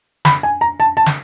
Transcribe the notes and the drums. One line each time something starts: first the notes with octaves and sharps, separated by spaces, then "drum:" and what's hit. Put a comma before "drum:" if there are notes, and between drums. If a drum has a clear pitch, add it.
B5, drum: snare
G#5
A#5
A5
A5
drum: snare